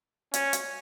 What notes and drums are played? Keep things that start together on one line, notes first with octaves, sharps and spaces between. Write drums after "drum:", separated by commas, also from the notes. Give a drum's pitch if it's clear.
C#4, drum: hi-hat
drum: hi-hat